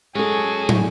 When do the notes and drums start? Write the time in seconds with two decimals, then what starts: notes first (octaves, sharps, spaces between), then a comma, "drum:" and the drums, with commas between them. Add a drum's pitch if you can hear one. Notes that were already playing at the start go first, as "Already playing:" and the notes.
0.15 G#3 C#4 F#4 G#4 A4
0.69 drum: tom